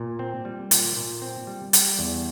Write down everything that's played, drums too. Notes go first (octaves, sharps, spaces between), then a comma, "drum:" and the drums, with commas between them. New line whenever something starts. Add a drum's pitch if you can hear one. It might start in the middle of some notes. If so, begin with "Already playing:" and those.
Already playing: A#2
C4
G3
A#2, drum: hi-hat
A#2
C4
G3
G3, drum: hi-hat
E2